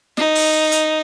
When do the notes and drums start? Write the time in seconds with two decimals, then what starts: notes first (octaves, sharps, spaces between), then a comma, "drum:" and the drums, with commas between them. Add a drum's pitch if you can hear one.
0.17 D#4, drum: snare
0.35 drum: open hi-hat
0.72 drum: hi-hat